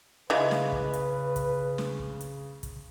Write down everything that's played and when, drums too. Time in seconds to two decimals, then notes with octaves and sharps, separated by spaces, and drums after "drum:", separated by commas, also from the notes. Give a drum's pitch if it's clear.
0.30 C#3 E3 G#3 F4 B4 D#5 F5 A#5
0.51 drum: snare
0.72 drum: kick
0.93 drum: hi-hat
1.36 drum: kick, hi-hat
1.78 drum: snare
1.99 drum: kick
2.21 drum: hi-hat
2.63 drum: kick, hi-hat